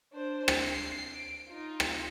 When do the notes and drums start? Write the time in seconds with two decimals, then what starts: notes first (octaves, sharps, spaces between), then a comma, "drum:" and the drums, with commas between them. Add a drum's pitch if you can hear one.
0.13 D4 C5
0.48 drum: rim click
0.62 C7
1.15 D7
1.48 D#4 F4
1.80 drum: rim click